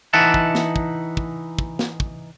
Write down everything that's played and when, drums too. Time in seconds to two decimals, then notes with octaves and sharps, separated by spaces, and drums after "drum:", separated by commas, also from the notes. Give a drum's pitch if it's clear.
0.13 E3 D#4 E5 F#5 A5
0.34 drum: kick
0.55 drum: snare
0.76 drum: kick
1.17 drum: kick
1.59 drum: kick
1.79 drum: snare
2.00 drum: kick